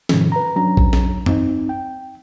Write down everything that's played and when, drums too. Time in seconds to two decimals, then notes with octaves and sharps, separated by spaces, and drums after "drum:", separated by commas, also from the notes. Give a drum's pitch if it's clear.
0.09 G#2 C3 D#3 F3, drum: snare
0.32 B4 A#5
0.56 F#3 C#4 D4 A#5
0.77 drum: kick A#1
0.93 drum: snare
1.26 C4 D#4, drum: tom F#2
1.69 G5